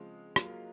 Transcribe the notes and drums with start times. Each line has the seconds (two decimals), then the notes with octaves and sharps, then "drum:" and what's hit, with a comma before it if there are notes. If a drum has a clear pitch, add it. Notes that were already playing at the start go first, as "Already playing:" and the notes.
Already playing: C#3 F3 G#3 C4 F4
0.36 F#3 A#3 F4, drum: rim click